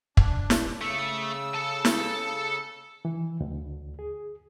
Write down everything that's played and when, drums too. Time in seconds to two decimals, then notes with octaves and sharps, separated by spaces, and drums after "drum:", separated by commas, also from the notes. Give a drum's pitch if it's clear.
0.17 D4, drum: kick
0.50 drum: snare
0.81 C#3 A3 E6
1.55 A4 A5
1.85 drum: snare
3.05 E3
3.40 D2
3.99 G#4